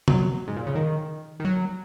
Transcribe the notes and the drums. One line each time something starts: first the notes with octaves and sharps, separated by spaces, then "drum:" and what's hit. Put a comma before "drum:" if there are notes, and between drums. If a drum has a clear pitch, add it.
F#3, drum: tom
G#2
A#2
C#3
D#3
D#3
F#3